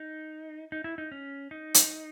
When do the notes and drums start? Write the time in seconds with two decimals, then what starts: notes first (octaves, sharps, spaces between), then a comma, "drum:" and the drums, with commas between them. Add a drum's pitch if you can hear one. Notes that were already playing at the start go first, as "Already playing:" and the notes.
Already playing: D#4
0.72 D#4
0.84 E4
0.98 D#4
1.12 C#4
1.51 D#4
1.74 drum: hi-hat